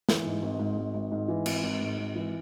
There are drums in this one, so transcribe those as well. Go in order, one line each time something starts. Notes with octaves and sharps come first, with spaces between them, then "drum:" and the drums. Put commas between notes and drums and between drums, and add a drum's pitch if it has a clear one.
E3, drum: snare
G#2
G#1
G#2
G#1
G#1
G#2
E3
G#1, drum: cymbal
G#1
G#2
G#1
E3